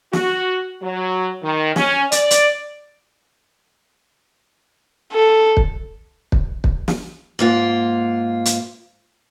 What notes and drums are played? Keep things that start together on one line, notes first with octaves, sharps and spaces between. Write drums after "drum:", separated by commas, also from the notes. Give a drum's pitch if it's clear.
F#4, drum: snare
F#3
D#3
C#4, drum: snare
D5, drum: hi-hat
drum: hi-hat
A4
drum: kick
drum: kick
drum: kick
drum: snare
G#2 A#3 F4
drum: hi-hat